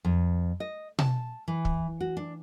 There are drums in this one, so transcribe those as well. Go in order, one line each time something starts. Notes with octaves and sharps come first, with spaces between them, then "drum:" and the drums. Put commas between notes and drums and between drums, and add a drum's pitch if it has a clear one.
F2
D#5
A5, drum: tom B2
E3
drum: kick
F#4
D4